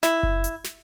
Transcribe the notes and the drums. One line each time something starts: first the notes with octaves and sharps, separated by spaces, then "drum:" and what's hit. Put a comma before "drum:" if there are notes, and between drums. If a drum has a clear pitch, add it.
E4, drum: snare
drum: kick F#1
drum: hi-hat
drum: snare